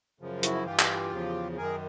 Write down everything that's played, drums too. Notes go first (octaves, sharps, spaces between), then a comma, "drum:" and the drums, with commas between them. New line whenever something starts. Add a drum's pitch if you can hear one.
F#2 C#3 F3
E4 F#4, drum: hi-hat
G2 E3 F4 G4
drum: clap
E2 C#3 F3
F#2 D#3 G#4 A#4